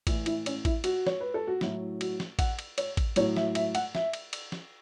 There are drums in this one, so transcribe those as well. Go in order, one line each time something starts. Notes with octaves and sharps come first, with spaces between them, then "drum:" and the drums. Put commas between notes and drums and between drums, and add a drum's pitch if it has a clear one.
A2 E3 E4, drum: kick A1, cymbal
E4, drum: cymbal
C#4, drum: cymbal
E4, drum: kick A1, cymbal
F#4, drum: cymbal
C#5, drum: snare
B4
A4
F#4
A2 F#3 E4, drum: snare
F#4, drum: cymbal
drum: snare
F#5, drum: kick A1, cymbal
drum: cymbal
C#5, drum: cymbal
drum: kick A1, cymbal
A2 F#3 C#5, drum: cymbal
E5, drum: snare
E5, drum: cymbal
F#5, drum: cymbal
E5, drum: snare
drum: cymbal
drum: cymbal
drum: snare